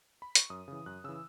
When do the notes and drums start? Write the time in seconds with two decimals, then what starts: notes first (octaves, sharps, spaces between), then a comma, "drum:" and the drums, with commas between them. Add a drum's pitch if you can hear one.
0.22 B5
0.35 C#6, drum: hi-hat
0.50 F#2 D#6
0.68 C#3 E3
0.86 F#2 F#6
1.04 C#3 E3 E6